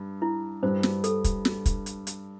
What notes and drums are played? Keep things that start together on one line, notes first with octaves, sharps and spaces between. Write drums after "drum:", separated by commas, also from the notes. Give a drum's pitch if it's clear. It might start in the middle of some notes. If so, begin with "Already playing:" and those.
Already playing: G2
E4
G2 C5
drum: snare
A4, drum: hi-hat
drum: kick, hi-hat
drum: snare
drum: kick, hi-hat
drum: hi-hat
drum: hi-hat